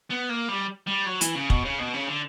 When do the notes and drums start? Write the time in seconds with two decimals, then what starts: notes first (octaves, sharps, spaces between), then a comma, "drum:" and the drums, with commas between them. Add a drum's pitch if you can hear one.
0.10 B3
0.29 A#3
0.48 G3
0.87 G3
1.07 F#3
1.21 E3, drum: hi-hat
1.35 C#3
1.50 B2, drum: kick
1.65 C#3
1.79 B2
1.93 C#3
2.08 D3